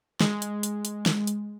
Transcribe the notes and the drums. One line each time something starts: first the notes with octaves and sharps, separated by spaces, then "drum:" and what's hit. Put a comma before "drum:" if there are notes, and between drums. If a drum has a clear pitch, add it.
G#3, drum: snare
drum: hi-hat
drum: hi-hat
drum: hi-hat
drum: snare
drum: hi-hat